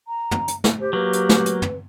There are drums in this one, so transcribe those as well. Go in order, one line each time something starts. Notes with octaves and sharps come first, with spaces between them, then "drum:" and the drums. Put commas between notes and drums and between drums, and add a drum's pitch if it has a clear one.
A#5
drum: tom
drum: hi-hat
drum: snare
G4 C5
F#3 A#3 B4
drum: hi-hat
drum: snare
drum: hi-hat
drum: tom